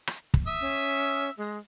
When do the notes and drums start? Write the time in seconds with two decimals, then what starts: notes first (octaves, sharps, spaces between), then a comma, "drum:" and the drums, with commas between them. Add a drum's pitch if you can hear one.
0.07 drum: rim click
0.34 drum: kick
0.47 E5 D#6 E6
0.61 C#4
1.37 G#3